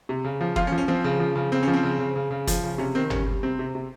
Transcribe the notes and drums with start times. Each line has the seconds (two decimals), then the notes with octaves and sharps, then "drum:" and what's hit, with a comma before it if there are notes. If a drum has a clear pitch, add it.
0.09 C3
0.25 C#3
0.41 F3
0.56 F3 F4, drum: kick
0.67 C#4
0.72 F3
0.78 C#4
0.88 F3 C4
1.04 C#3
1.20 F3
1.36 C#3
1.52 C#3 C4
1.63 F3 C#4
1.74 C4
1.83 C#3
1.99 C#3
2.16 C#3
2.31 C#3
2.47 F3, drum: kick, hi-hat
2.64 C#3
2.78 C3 C#4
2.95 D#3 C4
3.10 G3 C#4, drum: tom
3.27 G3
3.43 C3 C4
3.59 C3
3.75 C3